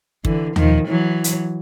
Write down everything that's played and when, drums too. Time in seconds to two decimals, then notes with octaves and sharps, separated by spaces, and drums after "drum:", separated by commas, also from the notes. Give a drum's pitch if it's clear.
0.25 D3 E3, drum: kick
0.56 D#3 F3, drum: tom D#2
0.88 E3 F#3
1.24 drum: hi-hat